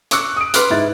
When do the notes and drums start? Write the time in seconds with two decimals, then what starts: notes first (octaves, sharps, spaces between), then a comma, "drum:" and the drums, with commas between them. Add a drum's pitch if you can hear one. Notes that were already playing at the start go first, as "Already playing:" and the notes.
0.11 C#6 D6 E6 F#6 C#7, drum: hi-hat
0.36 D#6 D7
0.54 B4 C6 D6 F6 F#6, drum: hi-hat
0.70 G#2 E4 A6